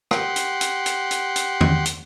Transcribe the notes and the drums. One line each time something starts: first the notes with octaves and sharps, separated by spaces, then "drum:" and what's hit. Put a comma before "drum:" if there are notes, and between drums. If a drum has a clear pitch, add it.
G4 F#5 C6, drum: rim click
drum: hi-hat
drum: hi-hat
drum: hi-hat
drum: hi-hat
drum: hi-hat
drum: tom E2
drum: hi-hat